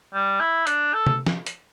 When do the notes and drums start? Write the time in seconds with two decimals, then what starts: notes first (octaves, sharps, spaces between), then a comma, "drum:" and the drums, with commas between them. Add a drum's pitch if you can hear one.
0.14 G3
0.40 E4
0.67 D4, drum: hi-hat
0.94 A4
1.07 drum: tom
1.27 drum: snare
1.46 drum: hi-hat